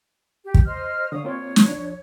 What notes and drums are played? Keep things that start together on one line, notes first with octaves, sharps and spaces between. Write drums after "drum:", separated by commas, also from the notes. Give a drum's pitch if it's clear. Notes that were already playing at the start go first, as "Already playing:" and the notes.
G4
drum: kick
C5 D#5 F6
D3 C#5 F5 D#6
A#3 C4 F4 C#5
drum: snare
F3 D4